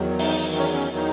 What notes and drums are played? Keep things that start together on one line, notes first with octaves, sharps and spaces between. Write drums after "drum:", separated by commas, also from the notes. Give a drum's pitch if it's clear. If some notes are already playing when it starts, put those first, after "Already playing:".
Already playing: E2 D#3 F#3
D#4, drum: open hi-hat
C#4
C#4
D#4